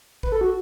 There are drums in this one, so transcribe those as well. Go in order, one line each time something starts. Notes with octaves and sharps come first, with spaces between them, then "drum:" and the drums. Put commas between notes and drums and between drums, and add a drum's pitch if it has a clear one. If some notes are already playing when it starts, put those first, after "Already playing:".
B4, drum: kick A1
A4
F#4